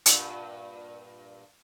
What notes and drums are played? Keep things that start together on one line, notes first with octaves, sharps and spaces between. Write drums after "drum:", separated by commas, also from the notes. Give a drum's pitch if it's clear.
G2 A#2, drum: hi-hat